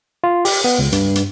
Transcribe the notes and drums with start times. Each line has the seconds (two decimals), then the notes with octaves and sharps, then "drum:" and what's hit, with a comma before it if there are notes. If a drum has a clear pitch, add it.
0.24 F4
0.45 G4, drum: open hi-hat
0.64 B3
0.79 C#2
0.92 G2, drum: hi-hat
1.15 drum: hi-hat